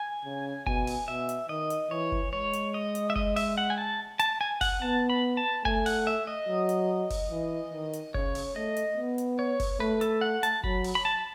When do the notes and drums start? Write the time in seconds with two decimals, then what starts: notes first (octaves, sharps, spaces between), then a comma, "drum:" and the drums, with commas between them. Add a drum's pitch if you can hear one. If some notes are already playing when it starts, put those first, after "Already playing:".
Already playing: G#5
0.25 C#3
0.66 B2 G#5, drum: kick
0.87 drum: open hi-hat
1.08 B2 E5
1.29 drum: hi-hat
1.49 D#3 D#5
1.70 drum: hi-hat
1.91 E3 C#5
2.12 drum: kick
2.33 G#3 C#5
2.53 drum: hi-hat
2.74 D#5
2.95 drum: hi-hat
3.10 E5
3.16 D#5, drum: kick
3.36 E5, drum: open hi-hat
3.58 F#5
3.70 G#5
3.78 A5
4.19 A5, drum: hi-hat
4.41 G#5
4.61 F#5, drum: kick, open hi-hat
4.82 B3 A5
5.10 B5
5.37 A5
5.65 A3 G#5, drum: kick
5.86 F#5, drum: open hi-hat
6.07 E5
6.27 D#5
6.48 F#3
6.69 drum: hi-hat
7.10 drum: kick, open hi-hat
7.31 E3
7.72 D#3
7.93 drum: hi-hat
8.14 C#3 C#5, drum: kick
8.35 drum: open hi-hat
8.56 A3 D#5
8.77 drum: hi-hat
8.97 B3
9.18 drum: hi-hat
9.39 C#5
9.60 drum: kick, open hi-hat
9.80 A3 B4
10.01 A4, drum: hi-hat
10.21 F#5
10.43 A5, drum: hi-hat
10.64 F#3 B5, drum: kick
10.84 drum: open hi-hat
10.95 B5
11.05 A5